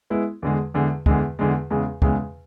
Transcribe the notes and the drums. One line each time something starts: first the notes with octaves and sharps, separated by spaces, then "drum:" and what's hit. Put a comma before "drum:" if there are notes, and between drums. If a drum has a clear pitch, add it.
G#3 B3 E4
E2 D3 G#3
E2 D3 G#3
E2 D3 G#3, drum: kick
E2 D3 G#3
E2 C#3 G#3
E2 C#3 G#3, drum: kick